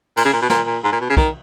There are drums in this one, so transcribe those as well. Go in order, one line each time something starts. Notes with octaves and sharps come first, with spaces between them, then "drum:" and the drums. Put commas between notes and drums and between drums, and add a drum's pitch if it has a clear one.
A#2, drum: cymbal
C#3
A#2
B2
A#2, drum: snare
A#2
G#2
A#2
B2
C#3
D#3, drum: kick